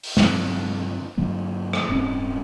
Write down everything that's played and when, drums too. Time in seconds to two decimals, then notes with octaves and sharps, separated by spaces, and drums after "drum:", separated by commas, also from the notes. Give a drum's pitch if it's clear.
0.03 drum: open hi-hat
0.17 G2 D3 F#3 C4, drum: snare
1.17 G2 D3 F#3 A#3
1.73 drum: rim click
1.89 D1 G2 C4 C#4